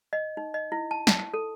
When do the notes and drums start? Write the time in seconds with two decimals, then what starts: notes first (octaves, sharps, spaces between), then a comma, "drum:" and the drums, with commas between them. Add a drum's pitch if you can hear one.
0.13 D#5
0.37 D#4
0.54 D#5
0.72 E4
0.91 A5
1.07 A5, drum: snare
1.34 A4